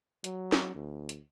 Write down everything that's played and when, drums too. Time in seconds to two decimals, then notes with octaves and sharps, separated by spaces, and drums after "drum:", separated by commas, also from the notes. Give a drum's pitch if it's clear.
0.24 F#3, drum: hi-hat
0.52 drum: snare
0.75 D2
1.09 drum: hi-hat